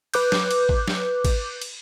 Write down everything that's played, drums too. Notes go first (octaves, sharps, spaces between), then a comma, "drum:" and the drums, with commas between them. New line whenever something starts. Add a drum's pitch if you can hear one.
B4 D6 F#6 G6, drum: cymbal
drum: snare
drum: cymbal
drum: kick
drum: snare
drum: kick, cymbal
drum: cymbal